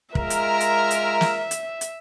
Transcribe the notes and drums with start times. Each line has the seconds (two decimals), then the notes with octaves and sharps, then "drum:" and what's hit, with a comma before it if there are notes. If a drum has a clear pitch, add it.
0.15 G#3 F4 A#4 E5, drum: kick
0.30 drum: hi-hat
0.60 drum: hi-hat
0.91 drum: hi-hat
1.21 drum: snare
1.51 drum: hi-hat
1.81 drum: hi-hat